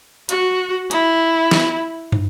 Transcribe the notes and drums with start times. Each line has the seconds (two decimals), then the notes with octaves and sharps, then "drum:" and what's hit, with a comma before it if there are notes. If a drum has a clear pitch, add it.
0.29 F#4, drum: hi-hat
0.91 E4, drum: hi-hat
1.51 drum: snare
2.12 drum: tom